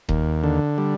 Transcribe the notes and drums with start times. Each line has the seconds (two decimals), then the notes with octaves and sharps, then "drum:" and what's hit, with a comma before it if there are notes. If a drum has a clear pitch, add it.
0.09 D#2, drum: kick D#1
0.44 D3
0.78 G3